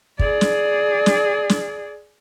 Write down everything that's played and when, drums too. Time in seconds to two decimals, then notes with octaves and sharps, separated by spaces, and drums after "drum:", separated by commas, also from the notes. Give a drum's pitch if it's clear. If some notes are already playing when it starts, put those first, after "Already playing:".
0.19 G#4 D5, drum: kick
0.41 drum: snare
1.06 drum: snare
1.49 drum: snare